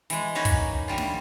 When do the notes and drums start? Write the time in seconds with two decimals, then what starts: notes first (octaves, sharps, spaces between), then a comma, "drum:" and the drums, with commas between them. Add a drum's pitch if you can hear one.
0.10 E3 G#3, drum: hi-hat
0.35 A#3 C#4 D#4 F#4 B4
0.45 drum: kick, hi-hat
0.88 D3 E3 G3 F4
0.98 drum: snare